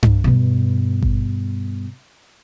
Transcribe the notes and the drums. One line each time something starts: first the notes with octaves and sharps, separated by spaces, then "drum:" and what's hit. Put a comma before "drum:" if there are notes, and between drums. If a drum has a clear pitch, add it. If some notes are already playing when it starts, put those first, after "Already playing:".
drum: tom G2
G2 B2
drum: kick G#1